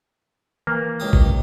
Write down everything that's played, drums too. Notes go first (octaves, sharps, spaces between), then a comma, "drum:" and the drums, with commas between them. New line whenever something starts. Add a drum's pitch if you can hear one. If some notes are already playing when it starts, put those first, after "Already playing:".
E3 A#3
C#2 G4 D#6
drum: kick